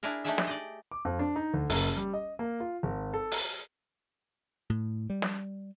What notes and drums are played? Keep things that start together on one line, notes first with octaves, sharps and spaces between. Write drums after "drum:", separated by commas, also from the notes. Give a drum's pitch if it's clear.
D4 E4 G#4 A#4
A3 D4 D#4 G4 G#4 E5
drum: snare
D5 D#5
D6
F2
D4
D#4
D2
F#1, drum: open hi-hat
G3
D#5
A#3
F4
G#1
A4
drum: open hi-hat
A2
G3
drum: snare